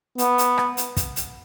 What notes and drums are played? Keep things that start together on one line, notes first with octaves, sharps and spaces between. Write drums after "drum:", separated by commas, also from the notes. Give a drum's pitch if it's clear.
B3, drum: hi-hat
drum: hi-hat
drum: rim click
drum: hi-hat
drum: kick, hi-hat
drum: hi-hat